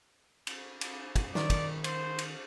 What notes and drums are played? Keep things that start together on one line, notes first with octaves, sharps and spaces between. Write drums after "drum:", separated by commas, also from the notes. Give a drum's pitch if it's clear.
drum: cymbal
drum: cymbal
drum: kick, cymbal
D#3 D5, drum: snare
drum: kick, cymbal
C5, drum: cymbal
drum: cymbal